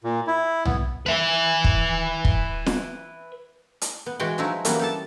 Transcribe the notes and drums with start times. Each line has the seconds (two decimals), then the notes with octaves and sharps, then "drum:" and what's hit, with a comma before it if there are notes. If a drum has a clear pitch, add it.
0.04 A#2
0.27 E4
0.65 B3, drum: tom
1.06 B4 E5
1.64 drum: kick
2.25 drum: kick
2.66 drum: snare
3.81 drum: hi-hat
4.06 B3
4.20 E3 G#3 F#4 G#4 G5
4.38 F3 F#3 G#3 A3 D#4 E4
4.65 E3 F#3 G3 A#3 B3 C#4, drum: hi-hat
4.79 G4 A4 A5